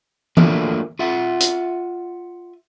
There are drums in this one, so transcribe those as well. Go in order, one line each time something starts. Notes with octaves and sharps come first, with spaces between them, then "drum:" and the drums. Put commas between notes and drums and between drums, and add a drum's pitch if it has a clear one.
F3 F#3 A3 A#3 D4, drum: tom E3
F4 E5 F#5
drum: hi-hat